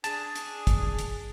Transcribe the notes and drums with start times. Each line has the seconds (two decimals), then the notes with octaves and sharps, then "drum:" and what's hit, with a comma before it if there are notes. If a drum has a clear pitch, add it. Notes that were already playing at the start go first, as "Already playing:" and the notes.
0.04 D4 G#4 A5, drum: hi-hat
0.36 drum: hi-hat
0.67 drum: kick, hi-hat
0.99 drum: hi-hat